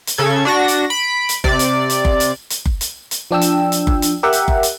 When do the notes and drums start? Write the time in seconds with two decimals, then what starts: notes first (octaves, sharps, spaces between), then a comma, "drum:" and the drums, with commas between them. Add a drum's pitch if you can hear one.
0.07 drum: hi-hat
0.18 C#3 A4 G#6
0.45 D4 F#4 A#6
0.68 drum: hi-hat
0.90 B5 D7
1.29 drum: hi-hat
1.44 C3 D5, drum: kick F#1
1.59 drum: hi-hat
1.90 drum: hi-hat
2.05 drum: kick F#1
2.20 drum: hi-hat
2.50 drum: hi-hat
2.66 drum: kick F#1
2.81 drum: hi-hat
3.11 drum: hi-hat
3.31 F3 D4 G5 E6
3.41 drum: hi-hat
3.72 drum: hi-hat
3.87 drum: kick F#1
4.02 drum: hi-hat
4.23 G4 A#4 E5 F#5
4.33 drum: hi-hat
4.48 drum: kick F#1
4.63 drum: hi-hat